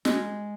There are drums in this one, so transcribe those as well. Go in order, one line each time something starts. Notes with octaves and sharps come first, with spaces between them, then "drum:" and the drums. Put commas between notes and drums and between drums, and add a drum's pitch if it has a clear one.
G#3, drum: snare